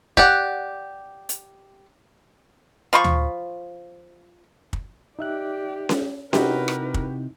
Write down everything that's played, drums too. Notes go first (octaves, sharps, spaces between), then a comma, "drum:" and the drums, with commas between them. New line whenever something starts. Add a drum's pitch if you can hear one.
G4 D5 F#5, drum: kick
drum: hi-hat
F3 F4 B5 C#6
drum: tom D2
drum: kick
D#4 G4 D5 E5 F#6
drum: snare C#4
C3 D#4 E4 F#4 G4 A#4 B4 G5, drum: snare C#4
drum: rim click
drum: kick